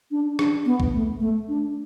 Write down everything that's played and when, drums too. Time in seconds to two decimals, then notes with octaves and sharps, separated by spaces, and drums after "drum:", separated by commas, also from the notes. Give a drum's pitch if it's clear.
0.11 D4
0.39 D4, drum: rim click
0.66 B3
0.80 drum: kick B1
0.94 A3
1.20 A3
1.48 D4